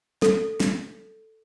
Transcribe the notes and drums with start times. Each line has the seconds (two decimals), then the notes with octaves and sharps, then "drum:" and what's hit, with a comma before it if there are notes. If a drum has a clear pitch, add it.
0.22 A4, drum: snare
0.60 drum: snare